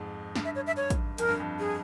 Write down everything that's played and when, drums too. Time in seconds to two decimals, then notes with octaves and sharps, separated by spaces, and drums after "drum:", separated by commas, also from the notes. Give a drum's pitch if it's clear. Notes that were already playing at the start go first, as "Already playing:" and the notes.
Already playing: F2 G#2
0.36 G2, drum: snare
0.45 E5
0.55 C#5
0.67 E5
0.77 C#5
0.90 drum: kick, hi-hat
1.18 F2 A#4, drum: hi-hat
1.28 G2
1.40 F2
1.59 G#4